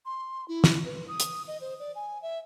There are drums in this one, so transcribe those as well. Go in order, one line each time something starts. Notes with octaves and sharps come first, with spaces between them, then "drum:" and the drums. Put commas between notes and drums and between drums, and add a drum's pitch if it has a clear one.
C6
E4
drum: snare
B4
D#6
drum: hi-hat
D#5
C5
D5
G#5
E5